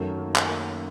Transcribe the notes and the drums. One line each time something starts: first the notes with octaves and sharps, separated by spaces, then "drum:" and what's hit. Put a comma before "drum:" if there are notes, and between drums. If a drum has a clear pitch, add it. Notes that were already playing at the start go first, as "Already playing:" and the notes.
Already playing: F#2 D#3 F#3 A3
A#3
drum: clap
A#3